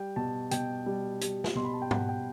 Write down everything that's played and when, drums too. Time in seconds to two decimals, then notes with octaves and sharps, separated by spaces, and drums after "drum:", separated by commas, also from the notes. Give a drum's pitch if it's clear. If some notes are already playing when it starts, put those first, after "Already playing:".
Already playing: G3 G5
0.16 B2 A5
0.51 B2 G5, drum: hi-hat
0.86 G3
1.21 G3, drum: hi-hat
1.44 drum: snare
1.55 B2 C6
1.65 B5
1.73 A5
1.82 G5
1.91 B2 F#5, drum: tom G#2
2.09 G5